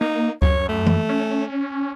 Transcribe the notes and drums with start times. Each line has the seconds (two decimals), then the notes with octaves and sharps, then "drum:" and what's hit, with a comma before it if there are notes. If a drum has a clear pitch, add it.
0.01 A#3 D#4
0.42 F#2 C#5, drum: kick D2
0.69 A3
0.87 drum: tom E3
1.09 C#4